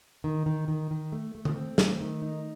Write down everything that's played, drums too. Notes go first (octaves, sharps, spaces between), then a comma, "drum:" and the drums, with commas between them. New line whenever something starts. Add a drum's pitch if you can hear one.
D#3
D#3
D#3
D#3
A3
A3
drum: tom D3
C4
A3, drum: snare
D#3
D#4